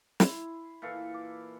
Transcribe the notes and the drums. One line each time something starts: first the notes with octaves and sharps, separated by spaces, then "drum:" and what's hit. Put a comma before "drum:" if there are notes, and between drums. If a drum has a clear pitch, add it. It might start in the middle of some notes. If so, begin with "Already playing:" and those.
E4 C6, drum: snare
A#2 E3 A4 F5
D6